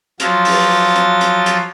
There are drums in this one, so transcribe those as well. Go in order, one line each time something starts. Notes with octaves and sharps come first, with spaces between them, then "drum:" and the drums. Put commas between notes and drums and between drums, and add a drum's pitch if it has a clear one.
F3 F#3 F4 A6, drum: hi-hat
drum: open hi-hat
drum: hi-hat
drum: hi-hat
drum: hi-hat